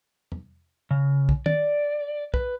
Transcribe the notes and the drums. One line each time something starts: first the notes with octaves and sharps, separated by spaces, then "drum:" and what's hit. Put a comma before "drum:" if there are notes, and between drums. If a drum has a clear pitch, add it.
drum: tom
C#3
drum: kick
D5, drum: tom
B4, drum: kick